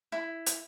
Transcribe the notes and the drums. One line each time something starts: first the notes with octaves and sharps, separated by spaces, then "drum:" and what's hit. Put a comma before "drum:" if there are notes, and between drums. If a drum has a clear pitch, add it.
E4
drum: hi-hat